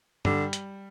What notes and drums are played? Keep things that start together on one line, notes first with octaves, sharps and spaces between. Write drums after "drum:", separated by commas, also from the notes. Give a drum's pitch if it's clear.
D3 G3, drum: tom
drum: hi-hat